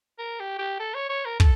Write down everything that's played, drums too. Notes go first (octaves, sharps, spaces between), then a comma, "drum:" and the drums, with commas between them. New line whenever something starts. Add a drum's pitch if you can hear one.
A#4
G4
G4
A4
C#5
C#5
A#4
A4, drum: kick